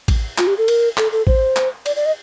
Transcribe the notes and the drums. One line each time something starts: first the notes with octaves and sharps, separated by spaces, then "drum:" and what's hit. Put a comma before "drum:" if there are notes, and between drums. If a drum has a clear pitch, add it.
drum: kick A1, cymbal
F4, drum: clap
G4
A4
A#4, drum: cymbal
A4, drum: clap
A4
C5, drum: kick A1
drum: clap
D5, drum: cymbal
D5
D#5